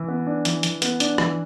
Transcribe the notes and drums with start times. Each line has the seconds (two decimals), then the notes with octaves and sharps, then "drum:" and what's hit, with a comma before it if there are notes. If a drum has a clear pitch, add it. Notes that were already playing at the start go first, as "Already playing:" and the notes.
Already playing: E3
0.08 B3
0.27 D4
0.45 E3, drum: hi-hat
0.63 E3, drum: hi-hat
0.82 B3, drum: hi-hat
1.00 D4, drum: hi-hat
1.18 E3, drum: rim click